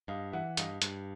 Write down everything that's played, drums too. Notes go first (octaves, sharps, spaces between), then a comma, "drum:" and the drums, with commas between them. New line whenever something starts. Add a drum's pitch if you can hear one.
G2 D#5 F5
E3 E5 F#5
G2 D#5 F5, drum: hi-hat
G2, drum: hi-hat